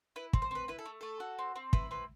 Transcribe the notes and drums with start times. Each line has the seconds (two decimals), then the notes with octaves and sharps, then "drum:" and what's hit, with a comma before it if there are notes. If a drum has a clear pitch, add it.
0.16 E4 B4
0.33 C4, drum: kick
0.42 C5
0.51 C4 B4
0.68 E4 B4
0.79 A4
0.85 A3
1.01 A3 A4
1.20 F#4
1.39 C4
1.56 C4
1.73 E4 B4, drum: kick
1.91 C4 B4